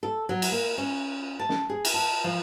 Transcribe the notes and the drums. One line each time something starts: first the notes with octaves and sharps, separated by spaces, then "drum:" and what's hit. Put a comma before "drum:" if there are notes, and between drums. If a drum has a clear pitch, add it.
A4
F#3
drum: cymbal
A#3
C#4
A5
drum: snare
G#4
drum: cymbal
A5
F3